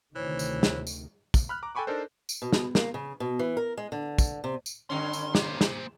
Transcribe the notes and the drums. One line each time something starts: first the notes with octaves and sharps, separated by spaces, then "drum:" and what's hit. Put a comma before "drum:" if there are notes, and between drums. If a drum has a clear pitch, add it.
D2 C3 D#3 E3 C5 C#5
drum: tambourine
drum: snare
drum: tambourine
drum: kick, tambourine
B5 F6 F#6
A#5 D6
A4 G5 G#5 B5 C#6 D6
D4 D#4 A4 A#4 C5
drum: tambourine
B2
drum: snare
A#3, drum: snare
C#3
B2
E3
A#4
G#3
D3
drum: kick, tambourine
C3
drum: tambourine
G2 D3 C#4 C6
drum: tambourine
A#3 C5, drum: snare
drum: snare